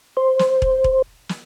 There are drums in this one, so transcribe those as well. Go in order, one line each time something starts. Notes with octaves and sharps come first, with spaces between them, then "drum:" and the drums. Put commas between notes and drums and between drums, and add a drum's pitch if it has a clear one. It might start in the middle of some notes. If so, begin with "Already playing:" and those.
C5
drum: snare
drum: kick
drum: kick
drum: snare